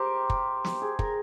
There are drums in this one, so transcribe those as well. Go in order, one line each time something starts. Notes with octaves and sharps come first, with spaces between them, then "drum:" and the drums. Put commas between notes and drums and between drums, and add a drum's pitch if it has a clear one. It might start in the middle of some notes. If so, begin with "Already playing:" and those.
Already playing: G4 A#4 C5
drum: kick
drum: snare
G#4
A#4, drum: kick